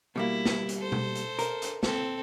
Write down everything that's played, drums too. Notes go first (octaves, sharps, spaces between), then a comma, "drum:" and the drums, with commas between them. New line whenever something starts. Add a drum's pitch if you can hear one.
B2 G3 A#3 E4
drum: snare
drum: hi-hat
A4 C5
drum: tom B2
drum: hi-hat
A#4, drum: hi-hat
drum: hi-hat
C4 A4, drum: snare